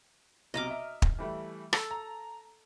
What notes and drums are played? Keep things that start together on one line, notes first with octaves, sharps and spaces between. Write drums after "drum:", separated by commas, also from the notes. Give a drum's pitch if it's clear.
B1 C3 D#5 A#5 D6 F6
E5
drum: kick
E3 G3 A3
A4, drum: rim click
A#5